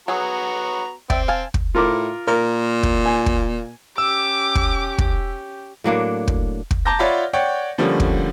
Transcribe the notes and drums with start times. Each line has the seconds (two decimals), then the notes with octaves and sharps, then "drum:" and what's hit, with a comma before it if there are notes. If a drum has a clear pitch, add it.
0.08 F#3 B3 F#4 G#4 A#5
1.10 C4 D5 E5 G5, drum: kick
1.28 F5 G#5 A5
1.54 drum: kick
1.75 A2 F4 A#4 D6
2.27 A#2 A#4
2.83 drum: kick
3.06 G#5
3.26 drum: kick
3.98 C#4 G4 D6 E6
4.55 drum: kick
4.98 drum: kick
5.84 A2 F#3 A#3 D4
6.28 drum: kick
6.71 drum: kick
6.85 A5 A#5 D6 G6 A#6
6.99 F4 C#5 D5 E5 F#5 B5
7.33 C#5 D5 F#5 G5 C#6
7.78 D3 F3 G3 A3 A#3 C#4
8.00 drum: kick